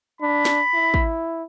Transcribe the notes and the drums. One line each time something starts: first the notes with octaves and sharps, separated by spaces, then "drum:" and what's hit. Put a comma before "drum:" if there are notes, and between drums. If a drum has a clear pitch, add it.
D4 B5
drum: snare
E4
drum: kick